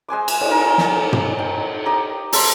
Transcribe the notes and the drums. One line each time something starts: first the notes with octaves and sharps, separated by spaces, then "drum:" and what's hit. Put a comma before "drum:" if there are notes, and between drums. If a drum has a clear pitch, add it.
G#3 C5 G#5 D6
drum: cymbal
drum: cymbal
A#4
drum: snare
drum: tom
G5
D#4 G4 D#5
A3 E5 C6, drum: open hi-hat